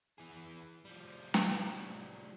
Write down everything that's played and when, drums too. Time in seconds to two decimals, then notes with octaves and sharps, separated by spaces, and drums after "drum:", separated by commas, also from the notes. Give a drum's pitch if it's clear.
0.18 E3 G#4
0.85 F3 G3
1.34 drum: snare